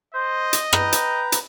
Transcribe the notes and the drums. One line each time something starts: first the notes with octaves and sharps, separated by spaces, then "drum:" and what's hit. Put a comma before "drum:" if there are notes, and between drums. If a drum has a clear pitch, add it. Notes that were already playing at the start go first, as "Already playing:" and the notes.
C5 D#5
drum: hi-hat
B4 G5 A#5, drum: rim click
drum: hi-hat
drum: hi-hat